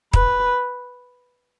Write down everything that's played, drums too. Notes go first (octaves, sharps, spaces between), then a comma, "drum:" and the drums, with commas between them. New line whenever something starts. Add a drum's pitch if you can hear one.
B4, drum: kick